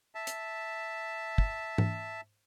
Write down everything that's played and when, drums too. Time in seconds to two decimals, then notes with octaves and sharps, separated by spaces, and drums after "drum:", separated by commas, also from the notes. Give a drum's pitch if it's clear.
0.15 E5 A5
0.27 drum: hi-hat
1.38 drum: kick
1.78 drum: tom G#2